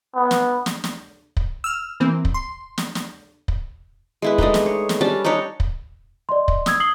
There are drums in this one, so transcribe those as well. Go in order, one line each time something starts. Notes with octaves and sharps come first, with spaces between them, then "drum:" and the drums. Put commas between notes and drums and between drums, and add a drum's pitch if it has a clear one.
B3
drum: snare
drum: snare
drum: snare
drum: kick
E6 F6
E3 A#3 C4
drum: kick
C6
drum: snare
drum: snare
drum: kick
G#3 E4 B4
G#3 A3 D4 D#4, drum: kick
drum: snare
C#5
drum: snare
G3 C#4 D4 A5
D4 D#4 G4 C#5
drum: kick
D5 D#5 C6
drum: kick
D#6 E6 G#6, drum: snare
D#6 C7 F#7 G7